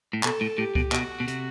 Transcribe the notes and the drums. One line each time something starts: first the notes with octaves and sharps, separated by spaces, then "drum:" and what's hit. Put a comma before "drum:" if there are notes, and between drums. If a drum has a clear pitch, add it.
A2
B2 A4, drum: clap
A2
A2 G4
B2, drum: kick C#2
B2 F#4, drum: clap
B2
C3, drum: hi-hat